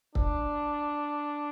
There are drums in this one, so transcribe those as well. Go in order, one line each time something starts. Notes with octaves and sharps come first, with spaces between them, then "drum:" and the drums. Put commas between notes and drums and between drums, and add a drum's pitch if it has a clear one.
D4, drum: kick